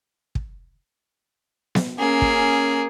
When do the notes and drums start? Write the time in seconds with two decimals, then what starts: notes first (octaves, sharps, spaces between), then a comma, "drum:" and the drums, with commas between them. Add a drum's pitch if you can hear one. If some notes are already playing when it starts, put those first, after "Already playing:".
0.35 drum: kick
1.75 drum: snare B3
1.98 A#3 C#4 G#4
2.22 drum: kick